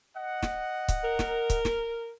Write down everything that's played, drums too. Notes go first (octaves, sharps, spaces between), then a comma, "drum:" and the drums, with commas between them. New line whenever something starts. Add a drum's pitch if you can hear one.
D#5 F#5
drum: snare
drum: kick C#1, hi-hat
A#4
drum: snare
drum: kick C#1, hi-hat
drum: snare